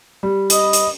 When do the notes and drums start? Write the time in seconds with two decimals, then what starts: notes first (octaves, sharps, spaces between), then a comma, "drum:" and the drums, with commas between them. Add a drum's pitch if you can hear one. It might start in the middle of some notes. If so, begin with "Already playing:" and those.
0.23 G3
0.50 D#5 B5 D#6, drum: hi-hat
0.73 drum: hi-hat